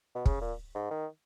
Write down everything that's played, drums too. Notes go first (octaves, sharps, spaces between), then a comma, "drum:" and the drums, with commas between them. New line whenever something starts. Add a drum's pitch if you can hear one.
B2
C#3, drum: kick
A#2
G#2
D#3